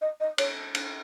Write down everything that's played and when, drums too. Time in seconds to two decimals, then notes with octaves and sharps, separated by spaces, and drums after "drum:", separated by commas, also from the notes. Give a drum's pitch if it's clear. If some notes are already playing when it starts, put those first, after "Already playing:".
0.01 D#5
0.20 D#5
0.38 C#5, drum: cymbal
0.75 drum: cymbal